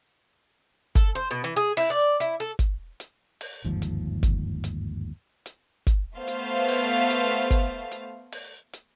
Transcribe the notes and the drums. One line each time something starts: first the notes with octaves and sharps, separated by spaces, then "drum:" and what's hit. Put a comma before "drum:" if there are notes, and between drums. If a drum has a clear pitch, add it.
A4, drum: kick G1, hi-hat
C5
B2
E3
G#4
E4, drum: open hi-hat
D5
E4, drum: hi-hat
A4
drum: kick G1, hi-hat
drum: hi-hat
drum: open hi-hat
G1 D#2 G#2 F3
drum: hi-hat
drum: kick G1, hi-hat
drum: hi-hat
drum: hi-hat
drum: kick G1, hi-hat
A3 B3 C5 F5
drum: hi-hat
drum: open hi-hat
drum: hi-hat
drum: kick G1, hi-hat
drum: hi-hat
drum: open hi-hat
drum: hi-hat